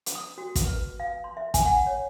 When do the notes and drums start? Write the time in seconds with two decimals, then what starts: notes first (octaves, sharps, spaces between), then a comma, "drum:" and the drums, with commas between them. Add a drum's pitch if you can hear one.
0.06 drum: hi-hat
0.15 D#6
0.38 F#4
0.55 drum: kick, hi-hat
0.65 B4
1.00 F5
1.24 C6
1.37 E5
1.54 G#5, drum: kick, hi-hat
1.66 F#5
1.87 C#5